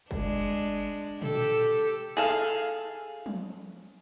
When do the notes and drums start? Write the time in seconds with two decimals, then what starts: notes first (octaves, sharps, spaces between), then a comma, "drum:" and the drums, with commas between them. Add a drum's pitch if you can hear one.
0.11 G#3 D4, drum: kick F#1
0.63 drum: hi-hat
1.22 G4 A4, drum: tom A#2
1.44 drum: hi-hat
2.17 G#4 A4 F5, drum: tambourine
3.26 drum: tom F3